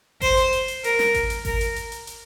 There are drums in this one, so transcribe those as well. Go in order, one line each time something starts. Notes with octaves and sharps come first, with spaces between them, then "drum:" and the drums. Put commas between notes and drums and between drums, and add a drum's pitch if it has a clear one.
C5, drum: kick G#1, open hi-hat
drum: hi-hat
drum: hi-hat
drum: hi-hat
A#4, drum: hi-hat
drum: snare
drum: kick G#1, hi-hat
drum: hi-hat
A#4, drum: kick G#1, open hi-hat
drum: hi-hat
drum: hi-hat
drum: hi-hat
drum: hi-hat